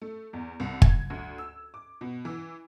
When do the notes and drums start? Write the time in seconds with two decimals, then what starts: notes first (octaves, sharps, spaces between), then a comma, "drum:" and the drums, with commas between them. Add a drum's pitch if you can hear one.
0.02 A3
0.33 E2
0.60 C2
0.82 G#6, drum: kick
1.10 D2
1.38 E6
1.74 D6
2.01 B2
2.25 E3